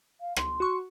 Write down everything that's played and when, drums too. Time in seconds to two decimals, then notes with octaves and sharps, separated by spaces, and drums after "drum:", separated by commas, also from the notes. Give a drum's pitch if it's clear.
0.20 F5
0.36 C6, drum: rim click
0.60 F#4 C#6